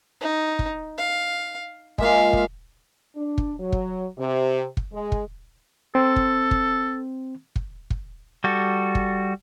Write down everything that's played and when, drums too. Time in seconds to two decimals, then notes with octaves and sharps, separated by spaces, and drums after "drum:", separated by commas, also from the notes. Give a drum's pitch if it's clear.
0.21 D#4
0.59 drum: kick
0.97 F5
1.98 G#3 A#3 F4 E5 F5, drum: kick
2.33 drum: kick
3.16 D4
3.38 drum: kick
3.59 F#3
3.72 drum: kick
4.17 C3
4.77 drum: kick
4.92 G#3
5.12 drum: kick
5.95 C4 A4
6.16 drum: kick
6.51 drum: kick
7.56 drum: kick
7.90 drum: kick
8.44 G3 F#4 A4
8.95 drum: kick